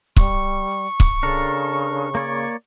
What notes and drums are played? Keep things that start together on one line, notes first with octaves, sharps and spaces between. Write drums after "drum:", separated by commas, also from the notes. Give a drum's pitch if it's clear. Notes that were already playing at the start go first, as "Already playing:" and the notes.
G3 C#6, drum: kick
drum: kick
C#3 D4 A4 A#4
A#3 C#5 D5